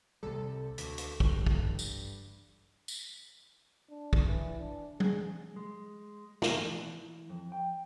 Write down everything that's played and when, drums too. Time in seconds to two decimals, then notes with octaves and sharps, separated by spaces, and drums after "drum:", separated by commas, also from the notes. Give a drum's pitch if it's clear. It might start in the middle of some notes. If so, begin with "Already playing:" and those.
0.23 C2 C3 G3 A4
0.78 D2, drum: hi-hat
0.98 drum: hi-hat
1.20 G2, drum: kick
1.46 drum: kick
1.79 drum: tambourine
2.88 drum: tambourine
3.90 D4
4.13 drum: kick
4.26 E3
4.59 D4
5.00 G#4, drum: tom F#3
5.56 G#3
6.42 B2, drum: snare
6.71 E3
7.29 F2
7.52 G5